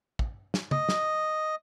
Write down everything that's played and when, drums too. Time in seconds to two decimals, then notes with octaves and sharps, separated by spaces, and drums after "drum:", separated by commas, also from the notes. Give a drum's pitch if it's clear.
0.19 drum: kick
0.54 drum: snare
0.71 D#5, drum: tom
0.89 drum: snare